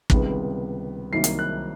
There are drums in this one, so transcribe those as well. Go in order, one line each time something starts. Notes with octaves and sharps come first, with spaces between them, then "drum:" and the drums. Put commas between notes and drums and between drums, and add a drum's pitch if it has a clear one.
C#2 C3 D#3 G3 B3, drum: kick
C2 C3 D#3 F#3 A#3 C7
drum: hi-hat
F#6